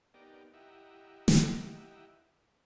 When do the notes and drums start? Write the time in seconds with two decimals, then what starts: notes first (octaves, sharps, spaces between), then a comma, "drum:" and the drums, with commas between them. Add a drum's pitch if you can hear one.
0.14 B3 D#4 G4 A#4 D5
0.54 E4 G4 D#5 E5 F#5 A#5
1.28 drum: snare